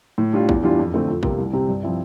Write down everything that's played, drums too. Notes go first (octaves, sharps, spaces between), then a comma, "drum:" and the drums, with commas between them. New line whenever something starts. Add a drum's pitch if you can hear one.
A2
G3 D4 F4
E2, drum: kick
E3 G3 D4 F4
F2
D3 A3 C4
F2
C3 G3 A#3 F4, drum: kick
C2
C3 G3 C4
G2
F3 C4 E4